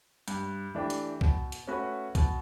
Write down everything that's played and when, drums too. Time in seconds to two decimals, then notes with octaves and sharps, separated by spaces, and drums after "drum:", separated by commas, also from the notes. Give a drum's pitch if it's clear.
0.28 G2, drum: hi-hat
0.75 E3 A3 D4 G4
0.90 drum: hi-hat
1.21 B2, drum: kick C2
1.52 drum: hi-hat
1.67 A3 C#4 F#4 B4
2.15 B2, drum: kick C2, hi-hat